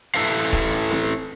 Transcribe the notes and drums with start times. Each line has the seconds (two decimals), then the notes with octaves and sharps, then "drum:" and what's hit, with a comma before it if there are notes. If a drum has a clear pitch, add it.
0.15 E4 A4 B4 F5, drum: open hi-hat
0.53 drum: kick, hi-hat
0.91 drum: snare C4